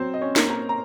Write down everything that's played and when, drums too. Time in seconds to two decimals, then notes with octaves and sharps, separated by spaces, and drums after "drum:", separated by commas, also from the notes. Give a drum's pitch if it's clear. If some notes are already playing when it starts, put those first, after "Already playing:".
Already playing: F#3 C4 C5
0.14 D#5
0.21 C#4 C#5
0.36 A#3, drum: snare
0.50 A#4 A#5
0.69 A#5